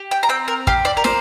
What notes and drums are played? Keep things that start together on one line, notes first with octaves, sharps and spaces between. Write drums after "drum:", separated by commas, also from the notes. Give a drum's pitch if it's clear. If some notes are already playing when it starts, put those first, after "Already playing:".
Already playing: G4
G5
A#5
C4 G5
A#4
G4 F5, drum: kick
D5
A#4
A#3 C5, drum: snare